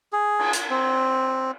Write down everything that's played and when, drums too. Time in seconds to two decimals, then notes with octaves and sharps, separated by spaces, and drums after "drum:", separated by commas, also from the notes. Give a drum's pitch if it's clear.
0.13 G#4
0.39 drum: cymbal
0.53 drum: hi-hat
0.70 C4